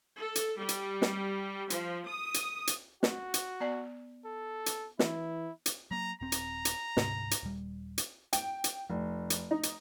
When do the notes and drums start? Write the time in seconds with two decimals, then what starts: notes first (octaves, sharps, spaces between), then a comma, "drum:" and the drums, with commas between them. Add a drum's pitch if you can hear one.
0.18 A4
0.35 drum: hi-hat
0.60 G3
0.69 drum: hi-hat
1.02 drum: snare
1.70 F3, drum: hi-hat
2.08 D#6
2.34 drum: hi-hat
2.67 drum: hi-hat
3.03 F#4, drum: snare
3.34 drum: hi-hat
3.60 B3 D5 G#5
4.25 A4
4.66 drum: hi-hat
4.99 E3 E4, drum: snare
5.66 drum: hi-hat
5.91 F#3 A#3 A#5
6.21 D#1 C4 A#5
6.32 drum: hi-hat
6.65 drum: hi-hat
6.97 D2 G#2 C3, drum: snare
7.31 drum: hi-hat
7.43 D#1 G3
7.98 drum: hi-hat
8.33 G5, drum: hi-hat
8.64 drum: hi-hat
8.90 F1
9.30 drum: hi-hat
9.51 D#4
9.63 drum: hi-hat